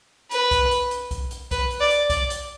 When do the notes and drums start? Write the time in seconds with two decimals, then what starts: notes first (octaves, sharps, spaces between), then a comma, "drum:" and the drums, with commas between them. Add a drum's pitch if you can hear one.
0.31 B4, drum: hi-hat
0.51 drum: kick B1, hi-hat
0.71 drum: hi-hat
0.91 drum: hi-hat
1.11 drum: kick B1, hi-hat
1.31 drum: hi-hat
1.51 B4, drum: kick B1, hi-hat
1.71 drum: hi-hat
1.80 D5
1.90 drum: hi-hat
2.10 D5, drum: kick B1, hi-hat
2.30 drum: hi-hat